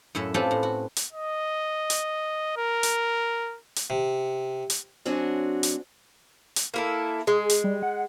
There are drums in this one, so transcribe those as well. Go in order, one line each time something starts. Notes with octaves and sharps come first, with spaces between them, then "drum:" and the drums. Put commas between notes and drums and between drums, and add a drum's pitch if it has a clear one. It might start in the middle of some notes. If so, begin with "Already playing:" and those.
F#2 A2 C#4 E5
C4 C#4 F4 G4 A4 B4
A2
F#4
drum: hi-hat
D#5
drum: hi-hat
A#4
drum: hi-hat
drum: hi-hat
C3
drum: hi-hat
F#2 C4 D4 F#4 C#5 G#5
drum: hi-hat
drum: hi-hat
A#3 E4 A4
G#3 G#4
drum: hi-hat
G3
F#5